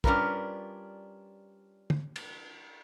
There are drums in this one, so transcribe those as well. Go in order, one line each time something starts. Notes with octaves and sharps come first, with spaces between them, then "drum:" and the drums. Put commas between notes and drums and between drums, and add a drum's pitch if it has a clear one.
G3 C#4 D4 F4 A#4 B4, drum: kick
drum: tom
drum: cymbal